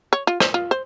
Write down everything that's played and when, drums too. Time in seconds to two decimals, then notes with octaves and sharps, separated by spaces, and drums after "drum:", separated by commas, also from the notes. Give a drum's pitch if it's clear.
0.13 C#5
0.27 F4
0.40 C5, drum: rim click
0.54 F4
0.71 C5